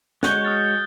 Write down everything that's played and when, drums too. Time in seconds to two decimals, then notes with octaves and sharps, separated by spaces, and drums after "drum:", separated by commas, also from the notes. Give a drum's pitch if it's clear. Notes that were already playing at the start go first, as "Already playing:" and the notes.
0.23 G#3 F#4 C#5 F#6 G6 G7, drum: snare
0.45 D#6 F6 A6